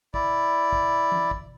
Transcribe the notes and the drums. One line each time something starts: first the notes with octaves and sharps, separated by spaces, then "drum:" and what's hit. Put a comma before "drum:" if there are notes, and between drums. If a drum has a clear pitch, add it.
E4 D5, drum: kick
drum: kick
drum: tom E3
drum: kick